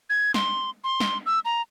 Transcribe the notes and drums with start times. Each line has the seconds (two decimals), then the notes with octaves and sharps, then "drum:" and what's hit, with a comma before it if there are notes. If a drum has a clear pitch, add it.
0.10 G#6
0.34 C6, drum: snare
0.84 C6
1.00 drum: snare
1.26 E6
1.45 A#5